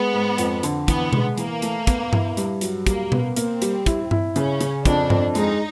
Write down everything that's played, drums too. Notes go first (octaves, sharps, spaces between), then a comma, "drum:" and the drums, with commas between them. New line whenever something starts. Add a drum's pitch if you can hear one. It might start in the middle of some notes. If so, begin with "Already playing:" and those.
Already playing: G#3 B3
G#2
F2, drum: hi-hat
D3, drum: hi-hat
E3 B3, drum: kick, hi-hat
G#3, drum: tom B2
E3 A#3, drum: hi-hat
A3, drum: hi-hat
B3, drum: kick, hi-hat
E4, drum: tom G2
G2, drum: hi-hat
F#3, drum: hi-hat
G3 A#3, drum: kick, hi-hat
B3, drum: tom B2
A#3 C4, drum: hi-hat
G3, drum: hi-hat
E4, drum: kick, hi-hat
E4, drum: tom G2
C#3 C#4, drum: hi-hat
C#3, drum: hi-hat
F2 D4, drum: kick, hi-hat
F2, drum: tom G2
G#3 D#4, drum: hi-hat